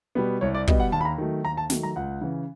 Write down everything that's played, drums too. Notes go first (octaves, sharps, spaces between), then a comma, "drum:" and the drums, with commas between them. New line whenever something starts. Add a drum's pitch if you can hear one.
B2 G3 B3
C2 C#5
D5
B2 G3 B3 D#5, drum: kick
F#5
D#2 A5
B5
A#5
D#3 F#3 A3
D#2 A#5
A5
D#3 F#3 A3, drum: snare
A#5
C#2 F#5
C#3 E3